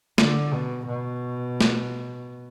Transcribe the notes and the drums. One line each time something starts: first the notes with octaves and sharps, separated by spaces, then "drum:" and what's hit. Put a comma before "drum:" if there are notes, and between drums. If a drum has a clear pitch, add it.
D3, drum: snare
B2
B2
drum: snare